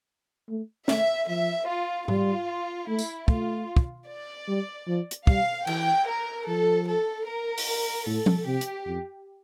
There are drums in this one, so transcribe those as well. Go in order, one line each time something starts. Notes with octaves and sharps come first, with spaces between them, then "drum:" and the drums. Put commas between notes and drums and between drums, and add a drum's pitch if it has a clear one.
A3
A3 E5, drum: snare
F3 E5
F4
G3 F4, drum: tom G#2
A3 E4
drum: tambourine
A3 F4, drum: kick
drum: kick
D5
G3
F3
drum: hi-hat
G3 F5, drum: kick
E3 G5, drum: cymbal
A#4
F3 A4
A4
A#4
drum: open hi-hat
A2 A4
drum: tom F3
C3 G4
drum: hi-hat
F2